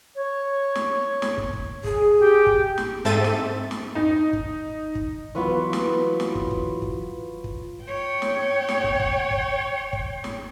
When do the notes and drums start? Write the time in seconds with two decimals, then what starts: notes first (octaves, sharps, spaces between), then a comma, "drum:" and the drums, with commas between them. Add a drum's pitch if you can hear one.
0.15 C#5
0.75 drum: snare
1.22 drum: snare
1.38 drum: kick
1.53 drum: kick
1.84 G#4, drum: kick
2.20 G4
2.46 drum: kick
2.78 drum: snare
3.05 G#2 C4 A4 E5 A6 D#7
3.24 drum: snare
3.71 drum: snare
3.95 D#4
4.33 drum: kick
4.95 drum: kick
5.35 E3 F#3 B3 F4 B4 C#5
5.73 drum: snare
6.20 drum: snare
6.35 drum: kick
6.51 drum: kick
6.82 drum: kick
7.44 drum: kick
7.83 C#5 G5
8.22 drum: snare
8.68 drum: snare
8.84 drum: kick
9.00 drum: kick
9.31 drum: kick
9.93 drum: kick
10.24 drum: snare